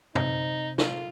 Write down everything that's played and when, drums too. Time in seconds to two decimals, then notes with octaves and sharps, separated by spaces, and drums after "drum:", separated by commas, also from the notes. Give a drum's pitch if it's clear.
0.15 C3 D#4, drum: tom
0.78 F4, drum: snare